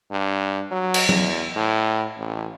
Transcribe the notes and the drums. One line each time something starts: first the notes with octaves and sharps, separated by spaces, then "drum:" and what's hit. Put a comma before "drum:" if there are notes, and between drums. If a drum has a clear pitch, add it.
G2
F#3
drum: cymbal
E2, drum: tom F#3
A2
A1